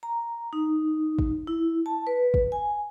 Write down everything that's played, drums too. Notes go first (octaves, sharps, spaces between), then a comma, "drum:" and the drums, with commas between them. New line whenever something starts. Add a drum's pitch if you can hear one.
A#5
D#4
drum: kick
E4
A5
B4
drum: kick
G#5